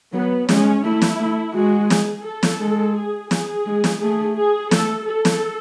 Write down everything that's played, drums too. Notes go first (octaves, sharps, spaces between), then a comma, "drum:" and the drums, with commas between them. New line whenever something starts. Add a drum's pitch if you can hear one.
F#3 B3
G#3 C#4, drum: snare
A3 E4
drum: snare
A3
G#3 F#4
G#4, drum: snare
A4
drum: snare
G#3
G#4
G#4, drum: snare
G#3
drum: snare
A3 G#4
G#4
A3 A4, drum: snare
A4
drum: snare